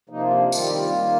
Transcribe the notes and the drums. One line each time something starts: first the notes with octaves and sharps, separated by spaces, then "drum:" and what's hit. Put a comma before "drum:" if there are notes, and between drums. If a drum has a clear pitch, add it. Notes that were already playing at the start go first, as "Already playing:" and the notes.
C3 F3 A#3 D#4
F4
D4
D#3 G3 C4 F4, drum: tambourine
G4
F4
D#3 A#3